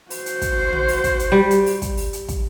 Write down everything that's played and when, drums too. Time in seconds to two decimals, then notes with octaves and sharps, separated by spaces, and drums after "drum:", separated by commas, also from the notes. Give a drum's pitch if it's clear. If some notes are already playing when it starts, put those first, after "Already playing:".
0.10 F#4 C5, drum: open hi-hat
0.26 drum: hi-hat
0.42 drum: kick, hi-hat
0.73 drum: tom
0.88 drum: open hi-hat
1.04 drum: kick, hi-hat
1.19 drum: hi-hat
1.32 G3
1.51 drum: hi-hat
1.66 drum: open hi-hat
1.82 drum: kick, hi-hat
1.97 drum: open hi-hat
2.13 drum: hi-hat
2.29 drum: kick, hi-hat